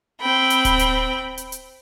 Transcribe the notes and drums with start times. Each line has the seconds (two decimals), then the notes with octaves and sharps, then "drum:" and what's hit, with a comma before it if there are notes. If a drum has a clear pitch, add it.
0.21 C4 G5 B5
0.50 drum: hi-hat
0.65 drum: kick D1, hi-hat
0.79 drum: hi-hat
1.38 drum: hi-hat
1.52 drum: hi-hat